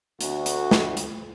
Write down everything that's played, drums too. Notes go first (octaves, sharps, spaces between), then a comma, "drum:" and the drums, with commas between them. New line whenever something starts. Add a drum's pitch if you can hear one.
D2 F#4, drum: hi-hat
drum: hi-hat
drum: snare
drum: hi-hat